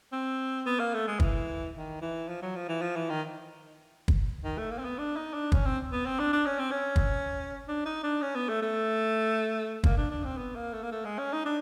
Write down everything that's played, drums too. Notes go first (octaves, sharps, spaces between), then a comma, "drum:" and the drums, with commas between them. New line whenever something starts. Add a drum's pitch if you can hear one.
C4
B3
A#3
A3
G#3
E3, drum: kick
D#3
E3
F3
F#3
F3
E3
F3
E3
D#3
drum: kick
D#3
A3
A#3
C4
B3
D4
D#4
D4
C#4, drum: kick
C4
B3
C4
D4
D4
C#4
C4
C#4
drum: kick
D4
D#4
D4
C#4
B3
A3
A3
A#3, drum: kick
D4
D4
C4
B3
A#3
A3
A#3
A3
G#3
C#4
D#4
D4